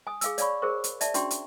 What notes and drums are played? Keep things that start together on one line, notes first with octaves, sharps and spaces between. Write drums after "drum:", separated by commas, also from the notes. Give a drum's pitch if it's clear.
G#5 D#6
G#4 F5 G#5 E6, drum: hi-hat
C#5 D5 F5 G#5 B5 C#6, drum: hi-hat
G#4 A#4 C5 C#6
drum: hi-hat
D5 E5 A5, drum: hi-hat
C#4 D4 F#4 G4 C6, drum: hi-hat
drum: hi-hat